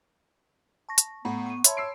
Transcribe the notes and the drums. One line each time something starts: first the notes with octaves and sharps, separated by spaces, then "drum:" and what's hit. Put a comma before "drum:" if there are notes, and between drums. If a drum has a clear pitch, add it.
A5 C#6 A#6
drum: hi-hat
A2 B3 F#5 A#5 B5
C#6 D#7
C#5 E5 A5 B5 C6, drum: hi-hat
E6 C7 D7